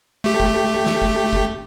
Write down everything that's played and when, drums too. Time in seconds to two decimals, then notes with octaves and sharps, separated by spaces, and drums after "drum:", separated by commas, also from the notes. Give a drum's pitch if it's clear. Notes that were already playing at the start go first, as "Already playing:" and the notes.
0.24 A3 G4
0.40 drum: kick
0.86 drum: snare
1.02 drum: kick
1.33 drum: kick